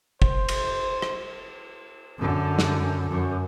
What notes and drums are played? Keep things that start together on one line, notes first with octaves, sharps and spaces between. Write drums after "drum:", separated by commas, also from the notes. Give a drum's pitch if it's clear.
C5, drum: kick
drum: cymbal
drum: rim click
F#2 D3
drum: snare
F#2